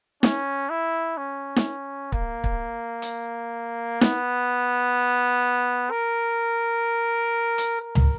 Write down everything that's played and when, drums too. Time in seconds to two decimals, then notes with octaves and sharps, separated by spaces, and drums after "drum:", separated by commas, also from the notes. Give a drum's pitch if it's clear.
0.23 C#4, drum: snare
0.70 E4
1.18 C#4
1.56 drum: snare
2.12 A#3, drum: kick
2.44 drum: kick
3.02 drum: hi-hat
4.01 B3, drum: snare
5.91 A#4
7.58 drum: hi-hat
7.81 A#4
7.95 drum: tom C#2